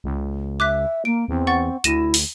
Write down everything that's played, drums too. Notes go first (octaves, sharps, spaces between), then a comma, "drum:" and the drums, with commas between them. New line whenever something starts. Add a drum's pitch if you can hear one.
C#2
E5 D6 F#6 B6
A#3 D7
E2 C4
F#5 C#6 A6
D2 E4 A#6 D#7 E7, drum: hi-hat
drum: open hi-hat